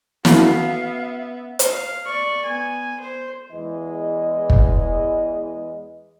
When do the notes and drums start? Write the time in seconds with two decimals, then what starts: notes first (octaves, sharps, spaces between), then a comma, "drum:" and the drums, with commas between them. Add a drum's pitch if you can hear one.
0.25 B3 C#4 F#4 A4 E5 F5 B5, drum: snare
1.59 drum: hi-hat
1.70 F5
2.06 D5 C#6
2.45 B3 G#5
3.00 C5
3.52 E2 E3 G#3 D#5
4.50 drum: kick